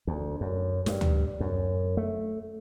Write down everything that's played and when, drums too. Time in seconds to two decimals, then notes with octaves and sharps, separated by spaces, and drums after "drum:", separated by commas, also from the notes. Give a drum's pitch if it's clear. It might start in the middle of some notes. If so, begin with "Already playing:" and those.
0.07 D2
0.41 F#2
0.86 G2, drum: snare
1.01 drum: tom D2
1.40 F#2
1.97 A3